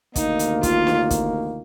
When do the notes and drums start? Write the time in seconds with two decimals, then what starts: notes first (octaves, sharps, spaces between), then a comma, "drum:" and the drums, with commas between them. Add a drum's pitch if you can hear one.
0.16 D2 C3 D#3 A#3 D#4, drum: kick, hi-hat
0.39 drum: hi-hat
0.63 F4, drum: kick, hi-hat
0.87 drum: snare
1.10 drum: kick, hi-hat